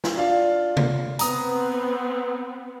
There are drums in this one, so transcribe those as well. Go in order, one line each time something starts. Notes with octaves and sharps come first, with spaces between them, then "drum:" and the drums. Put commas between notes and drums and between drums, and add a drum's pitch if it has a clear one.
drum: snare
D4 F4 F5
drum: tom C3
B3 C4 A#5 D#6, drum: hi-hat